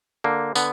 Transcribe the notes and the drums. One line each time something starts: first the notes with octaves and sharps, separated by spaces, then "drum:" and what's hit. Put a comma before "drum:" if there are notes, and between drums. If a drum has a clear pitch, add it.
D3 A#3
D3 B3, drum: tambourine